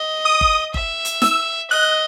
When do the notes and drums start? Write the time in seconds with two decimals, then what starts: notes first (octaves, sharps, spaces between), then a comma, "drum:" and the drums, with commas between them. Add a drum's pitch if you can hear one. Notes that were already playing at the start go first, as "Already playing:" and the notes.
Already playing: D#5
0.25 D#6
0.41 drum: kick G1
0.74 E5, drum: kick G1
1.05 drum: hi-hat
1.22 E6, drum: snare
1.70 D#5 F#6